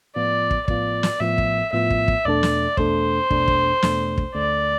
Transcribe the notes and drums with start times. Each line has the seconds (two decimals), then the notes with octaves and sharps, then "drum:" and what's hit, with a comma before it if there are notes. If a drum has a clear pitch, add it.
0.15 A2 F3 B3 F4 D5
0.51 drum: kick
0.68 A2 F3 B3 F4 D5, drum: kick
1.03 drum: snare
1.20 A2 F3 B3 F4 E5
1.38 drum: kick
1.72 A2 F3 B3 F4 E5
1.90 drum: kick
2.08 drum: kick
2.25 E2 B2 A3 D4 A4 D5
2.43 drum: snare
2.77 E2 B2 A3 D4 A4 C5, drum: kick
3.31 E2 B2 A3 D4 A4, drum: kick
3.48 drum: kick
3.82 E2 B2 A3 D4 A4, drum: snare
4.18 drum: kick
4.34 D2 D3 A3 D5